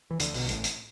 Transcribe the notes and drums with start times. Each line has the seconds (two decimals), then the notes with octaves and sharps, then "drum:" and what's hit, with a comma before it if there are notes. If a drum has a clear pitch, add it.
0.11 E3
0.19 D2 D3, drum: hi-hat
0.34 B1 B2, drum: open hi-hat
0.45 G2
0.49 A1 A2, drum: hi-hat
0.64 drum: hi-hat